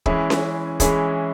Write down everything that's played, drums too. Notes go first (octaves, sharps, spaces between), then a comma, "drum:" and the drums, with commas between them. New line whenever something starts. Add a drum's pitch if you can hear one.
E3 G#3 C#4 E4 G#4, drum: kick
drum: snare C#4
E3 G#3 C#4 E4 G#4, drum: kick, hi-hat